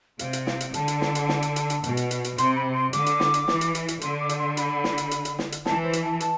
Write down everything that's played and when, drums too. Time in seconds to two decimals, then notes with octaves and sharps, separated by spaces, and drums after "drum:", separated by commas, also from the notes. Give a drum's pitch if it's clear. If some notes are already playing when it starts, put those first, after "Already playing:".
0.19 C3 F5, drum: hi-hat
0.33 drum: hi-hat
0.47 F5, drum: snare
0.60 drum: hi-hat
0.74 D3 A5, drum: hi-hat
0.88 drum: hi-hat
1.01 drum: snare
1.15 drum: hi-hat
1.29 drum: snare
1.42 drum: hi-hat
1.56 drum: hi-hat
1.70 drum: hi-hat
1.84 B2, drum: hi-hat
1.97 drum: hi-hat
2.11 drum: hi-hat
2.24 drum: hi-hat
2.38 C3 C6, drum: hi-hat
2.56 B5
2.74 C6
2.93 D3 D6, drum: hi-hat
3.06 drum: hi-hat
3.20 drum: snare
3.34 drum: hi-hat
3.48 E3, drum: snare
3.61 drum: hi-hat
3.75 drum: hi-hat
3.88 drum: hi-hat
4.01 D3 C6, drum: hi-hat
4.20 D6
4.29 drum: hi-hat
4.38 C6
4.57 B5, drum: hi-hat
4.84 drum: snare
4.98 drum: hi-hat
5.11 drum: hi-hat
5.25 drum: hi-hat
5.39 drum: snare
5.52 drum: hi-hat
5.66 E3 A5, drum: snare
5.84 C5
5.93 drum: hi-hat
6.02 A5
6.20 A5, drum: hi-hat